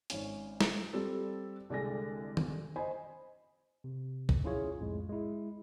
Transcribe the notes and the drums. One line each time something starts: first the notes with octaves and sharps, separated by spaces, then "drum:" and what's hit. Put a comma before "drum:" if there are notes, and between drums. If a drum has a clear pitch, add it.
G#1 C#4, drum: hi-hat
drum: snare
G3 C4 A4
C2 D3 G#3 D5 G#5 A#6
drum: tom D#3
C5 D#5 G#5 B5
C3
drum: kick
C#4 E4 F4 G#4 C#5
C2 F2 A2 G#3
G#3 E4